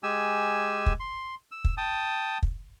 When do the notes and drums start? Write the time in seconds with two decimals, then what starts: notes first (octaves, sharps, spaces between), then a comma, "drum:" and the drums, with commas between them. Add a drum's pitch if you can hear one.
0.03 G#3 G4 G#5 E6
0.86 drum: kick
1.00 C6
1.51 E6
1.64 drum: kick
1.77 G5 A5 D#6
2.43 drum: kick